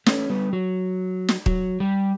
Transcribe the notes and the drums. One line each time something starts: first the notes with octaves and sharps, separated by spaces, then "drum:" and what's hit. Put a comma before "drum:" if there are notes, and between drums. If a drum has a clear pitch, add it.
A3 C#4, drum: snare
G3 B3
F#3
drum: snare
F#3, drum: kick
G3